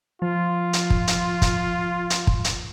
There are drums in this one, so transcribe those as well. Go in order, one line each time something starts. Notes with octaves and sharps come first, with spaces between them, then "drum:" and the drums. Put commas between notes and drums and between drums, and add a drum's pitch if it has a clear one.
F3 F4
drum: hi-hat
drum: kick
drum: hi-hat
drum: kick, hi-hat
drum: hi-hat
drum: kick
drum: hi-hat